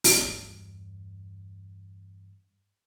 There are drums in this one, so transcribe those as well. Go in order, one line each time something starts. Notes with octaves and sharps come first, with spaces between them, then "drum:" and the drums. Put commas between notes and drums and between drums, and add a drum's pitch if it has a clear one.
drum: open hi-hat
E2 G2